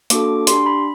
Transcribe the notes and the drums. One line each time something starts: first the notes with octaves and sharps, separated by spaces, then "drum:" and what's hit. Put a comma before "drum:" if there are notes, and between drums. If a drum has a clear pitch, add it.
A#3 D4 F#4 A4 D6, drum: hi-hat
D4 G4 C6, drum: hi-hat
B5